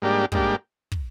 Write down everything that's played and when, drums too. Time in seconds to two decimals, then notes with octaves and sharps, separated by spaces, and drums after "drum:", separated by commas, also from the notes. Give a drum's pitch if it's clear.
0.02 G#2 G3 A#3 D4 G4
0.32 G#2 G3 A#3 D4 G4, drum: kick
0.92 drum: kick